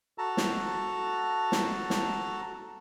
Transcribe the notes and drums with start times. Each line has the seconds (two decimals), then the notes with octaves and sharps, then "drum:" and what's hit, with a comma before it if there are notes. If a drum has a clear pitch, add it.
0.18 F#4 A4 A5 A#5
0.37 drum: snare
1.52 drum: snare
1.90 drum: snare